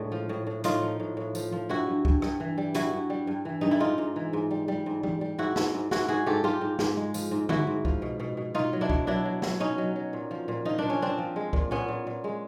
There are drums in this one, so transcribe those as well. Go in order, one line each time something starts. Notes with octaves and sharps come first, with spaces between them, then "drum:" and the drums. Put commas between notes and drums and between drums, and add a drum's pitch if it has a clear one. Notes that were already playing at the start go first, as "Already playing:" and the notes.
Already playing: A2 G#3 D4
F3
A2
A2
A2 D#4 F4, drum: hi-hat
F3
A2
A2
F3, drum: tambourine
F3
G2 E4 F#4
G2
G2, drum: kick C2
G2, drum: rim click
E3
G3
G2 E4 F#4, drum: hi-hat
G2
G3
G2
E3
G2 D#4
E4
G#2 D#4 F4
G#2
E3
G#2
G3
G3
G#2
G3, drum: tom E3
G3
G#2 E4 F#4
G#2, drum: snare
G#2
G#2 E4 F#4, drum: snare
G#2 F#4 G#4
G#2 G4 A4
G#2 F4 G4
G#2
G#2, drum: snare
G#3
F3, drum: tambourine
G#2
G#2 E4 F#4, drum: tom D3
G#2
F3, drum: kick C2
B2
B2
B2
B2 D#4 F4
F#3
D4 E4
B2, drum: kick C2
F#3 D4 E4
F#3
F#3, drum: snare
B2 C#4 D#4
F#3
F#3
A#2
F3
A#2
F3 D#4
A#2 D4
C#4
F3 C4 D4
F3
G#3
A#2, drum: kick C2
A#2 B3 C#4
A#2
A#2
G#3